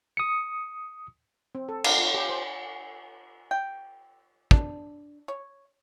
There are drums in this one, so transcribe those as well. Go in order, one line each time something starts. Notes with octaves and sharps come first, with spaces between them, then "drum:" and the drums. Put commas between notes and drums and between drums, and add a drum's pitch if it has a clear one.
D#6 C#7
C4
A4
F5, drum: cymbal
F4
G4
C5
G5
D4, drum: kick
C#5